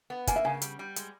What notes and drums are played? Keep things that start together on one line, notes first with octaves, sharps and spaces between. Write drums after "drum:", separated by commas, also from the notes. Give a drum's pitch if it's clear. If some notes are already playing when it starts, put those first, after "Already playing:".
B3
A#3 G#5, drum: kick, hi-hat
E5
C#3 G#5
G3, drum: hi-hat
G3
G#3, drum: hi-hat